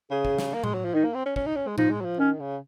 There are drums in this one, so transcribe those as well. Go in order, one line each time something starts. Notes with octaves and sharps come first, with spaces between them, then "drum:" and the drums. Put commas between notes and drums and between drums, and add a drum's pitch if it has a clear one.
C#3 G#4
drum: kick
drum: snare
A#3
G#3, drum: tom A2
F#3
F3
D#3 D#4
A#3
C4
C#4
C#4, drum: kick
D#4
C#4
G#3
F3 D#4, drum: tom A2
G#3
F#3
F3
D#3 C#4
C#3